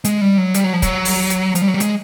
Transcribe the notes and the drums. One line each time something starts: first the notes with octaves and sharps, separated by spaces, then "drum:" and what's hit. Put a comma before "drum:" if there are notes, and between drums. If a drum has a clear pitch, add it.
G#3, drum: hi-hat
G3
F#3
G3, drum: hi-hat
F#3
F3
F#3, drum: kick, hi-hat
drum: open hi-hat
drum: hi-hat
F3, drum: hi-hat
G3
F#3
G3
G#3, drum: hi-hat